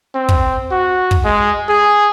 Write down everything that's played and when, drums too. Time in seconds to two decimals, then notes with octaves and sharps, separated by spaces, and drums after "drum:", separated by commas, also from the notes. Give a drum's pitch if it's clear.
0.15 C4
0.29 drum: kick
0.71 F#4
1.11 drum: kick
1.25 G#3
1.69 G#4